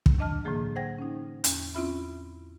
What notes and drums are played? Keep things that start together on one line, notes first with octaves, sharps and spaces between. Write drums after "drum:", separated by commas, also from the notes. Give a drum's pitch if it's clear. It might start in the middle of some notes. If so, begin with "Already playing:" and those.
drum: kick
F#3 D4 D#5 A5 F6
A2 D3 E3 F#3 A#3 G#4
C5 D#5 F#5 G5 G#6 A#6
C#4 D#4
E2 C#4, drum: hi-hat
C4 C#4 E4 F4 E5 B5